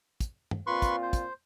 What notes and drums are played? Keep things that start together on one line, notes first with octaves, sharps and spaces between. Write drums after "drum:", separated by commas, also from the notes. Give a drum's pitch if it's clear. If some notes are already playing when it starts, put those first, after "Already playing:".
drum: kick, hi-hat
drum: tom
A#2 C4 F4 B4 C6 C#6
drum: kick, hi-hat
C5
drum: kick, hi-hat